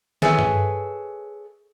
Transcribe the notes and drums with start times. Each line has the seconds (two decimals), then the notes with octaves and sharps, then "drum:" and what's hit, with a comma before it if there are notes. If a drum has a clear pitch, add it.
0.22 G#4 A4 B4 C#5 E5 G#5, drum: snare
0.39 drum: tom G2